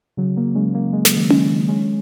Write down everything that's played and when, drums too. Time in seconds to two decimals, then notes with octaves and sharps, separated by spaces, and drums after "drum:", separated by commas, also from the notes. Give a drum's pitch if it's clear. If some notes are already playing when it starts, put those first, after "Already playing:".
0.17 C#3 F#3
0.37 F#3 A#3
0.55 G#3 C#4
0.74 F#3 A#3
0.93 G#3
1.05 F#3, drum: snare
1.17 D#3 G#3
1.30 D#3 G#3, drum: tom C#4
1.68 G#3 C#4